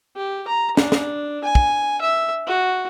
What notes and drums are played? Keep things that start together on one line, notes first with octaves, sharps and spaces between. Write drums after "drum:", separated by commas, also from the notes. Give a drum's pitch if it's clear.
G4
A#5
D4, drum: snare
drum: snare
G#5
drum: kick
E5
F#4